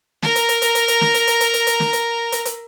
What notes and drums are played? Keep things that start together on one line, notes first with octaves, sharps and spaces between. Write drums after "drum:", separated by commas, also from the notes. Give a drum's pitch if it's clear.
A#4 A#5, drum: snare
drum: hi-hat
drum: hi-hat
drum: hi-hat
drum: hi-hat
drum: hi-hat
drum: snare
drum: hi-hat
drum: hi-hat
drum: hi-hat
drum: hi-hat
drum: hi-hat
drum: snare
drum: hi-hat
drum: hi-hat
drum: hi-hat